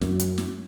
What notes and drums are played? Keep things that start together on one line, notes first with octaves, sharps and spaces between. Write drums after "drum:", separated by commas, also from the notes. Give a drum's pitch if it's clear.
F#2, drum: snare
drum: hi-hat
drum: snare